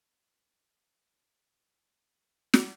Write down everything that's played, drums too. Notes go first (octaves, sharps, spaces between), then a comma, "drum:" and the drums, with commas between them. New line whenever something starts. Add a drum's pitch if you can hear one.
A2 D#3 F4
drum: snare